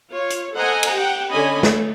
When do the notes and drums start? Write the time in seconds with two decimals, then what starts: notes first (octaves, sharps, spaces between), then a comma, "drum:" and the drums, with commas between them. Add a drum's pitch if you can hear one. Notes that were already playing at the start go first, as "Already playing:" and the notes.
0.12 F4 C#5
0.30 drum: hi-hat
0.55 A4 C5 D#5 F#5 G#5 A#5
0.83 drum: cymbal
0.94 G4 F#5 G5
1.31 D3 C#4 C#5 D#5 G#5 B5
1.63 A3, drum: snare